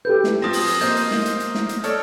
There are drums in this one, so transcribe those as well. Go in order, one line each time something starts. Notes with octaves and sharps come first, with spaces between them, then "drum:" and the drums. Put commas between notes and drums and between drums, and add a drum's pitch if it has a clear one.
G4 A4 B4 G6
drum: snare
F3 C4 D#6 A#6
drum: open hi-hat
drum: hi-hat
A#3 C5 D#5 G6, drum: hi-hat
drum: hi-hat
drum: snare
drum: hi-hat
drum: hi-hat
drum: snare
drum: hi-hat
A4 C#5 D5 F6, drum: hi-hat